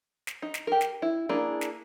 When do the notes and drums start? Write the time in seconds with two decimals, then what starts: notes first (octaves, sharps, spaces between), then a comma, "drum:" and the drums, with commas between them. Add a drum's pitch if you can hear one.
0.27 drum: snare
0.42 D#4
0.54 drum: snare
0.67 G4 A#4
0.81 drum: snare
1.02 E4
1.29 A#3 D4 E4 G#4
1.61 drum: snare